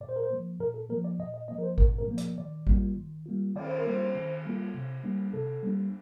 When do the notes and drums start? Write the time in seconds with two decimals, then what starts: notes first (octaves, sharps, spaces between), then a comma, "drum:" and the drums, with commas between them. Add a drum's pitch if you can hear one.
0.01 A#2 D5
0.09 C5
0.16 A#4
0.23 C5
0.30 F3 A#3
0.60 A#2 A#4
0.74 A4
0.90 F3 A#3 A#4
1.05 D5
1.19 A#2 D#5
1.34 D#5
1.48 F3 A#3 D#5
1.58 A#4
1.63 C5
1.78 A#2 A#4, drum: kick G#1
1.99 A#4, drum: tom A#2
2.08 F3 A#3
2.18 D5, drum: hi-hat
2.38 D#3 D5
2.67 G3 A#3 F4, drum: kick G#1
2.96 D#3
3.26 G3 A#3 F4
3.55 D#3 D5, drum: cymbal
3.67 C5
3.78 A#4
3.86 G3 A#3 F4 C5
4.15 D#3
4.45 G3 A#3 F4
4.74 C3
5.04 G3 A#3 D4
5.33 C3 A4
5.63 G3 A#3 D4